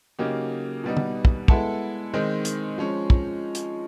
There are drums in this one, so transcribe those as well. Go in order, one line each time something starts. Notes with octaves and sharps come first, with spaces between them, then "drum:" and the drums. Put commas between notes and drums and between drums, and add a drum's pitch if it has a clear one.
C#3 F#3 A#3 D#4 G4
B2 G3 B3 D#4
drum: tom D3
drum: kick
G#3 B3 E4 A4, drum: kick
D#3 G#3 C4 D#4
drum: hi-hat
F3 G#3 C#4
drum: kick
drum: hi-hat